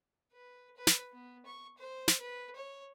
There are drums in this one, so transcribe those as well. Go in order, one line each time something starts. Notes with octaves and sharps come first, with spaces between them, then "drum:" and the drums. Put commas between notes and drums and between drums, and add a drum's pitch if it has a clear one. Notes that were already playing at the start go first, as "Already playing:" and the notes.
B4
B4
drum: snare
B3
C#6
C5
drum: snare
B4
C#5